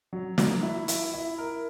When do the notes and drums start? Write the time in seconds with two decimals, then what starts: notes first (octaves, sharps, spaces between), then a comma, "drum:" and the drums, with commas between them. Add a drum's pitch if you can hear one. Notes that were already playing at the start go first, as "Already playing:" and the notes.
0.13 F#3
0.38 F#3, drum: snare
0.63 E4
0.88 E4, drum: hi-hat
1.13 E4
1.38 A#4